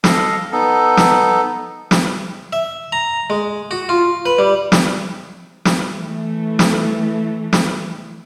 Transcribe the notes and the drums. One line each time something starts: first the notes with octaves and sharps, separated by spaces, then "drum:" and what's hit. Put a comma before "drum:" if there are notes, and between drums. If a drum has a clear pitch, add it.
A4 D#5 F5, drum: snare
B3 D#4 A4
drum: snare
drum: snare
E5
A#5
G#3
F#4
F4
B4
G3
drum: snare
drum: snare
E3 A3
drum: snare
drum: snare